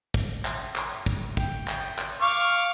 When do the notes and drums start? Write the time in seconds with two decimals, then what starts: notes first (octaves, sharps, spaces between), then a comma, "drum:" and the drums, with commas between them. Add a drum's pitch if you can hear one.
0.14 drum: kick, tambourine
0.45 drum: clap
0.76 drum: clap
1.06 drum: kick, tambourine
1.37 G5, drum: kick, tambourine
1.68 drum: clap
1.99 drum: clap
2.21 F5 C#6 D6